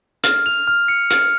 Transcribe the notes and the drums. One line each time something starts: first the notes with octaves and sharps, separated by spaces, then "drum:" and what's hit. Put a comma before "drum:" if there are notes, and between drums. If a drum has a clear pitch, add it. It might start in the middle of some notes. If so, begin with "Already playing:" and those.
F6, drum: hi-hat
F7
F6
C#7
F6, drum: hi-hat